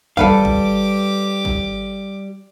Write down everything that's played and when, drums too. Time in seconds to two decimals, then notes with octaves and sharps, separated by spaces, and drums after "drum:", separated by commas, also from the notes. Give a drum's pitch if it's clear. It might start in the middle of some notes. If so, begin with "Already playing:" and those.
0.17 G3 G4 A4 B4 F5 D6, drum: kick G#1
0.45 drum: kick G#1
1.45 drum: kick G#1